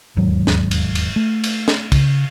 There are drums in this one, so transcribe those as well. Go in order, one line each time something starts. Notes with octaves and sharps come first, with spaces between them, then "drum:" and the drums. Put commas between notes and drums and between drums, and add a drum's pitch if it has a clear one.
E1 D#2 G#2 F#3
drum: snare
drum: cymbal
drum: cymbal
A3
drum: cymbal
drum: snare
C#3, drum: kick, cymbal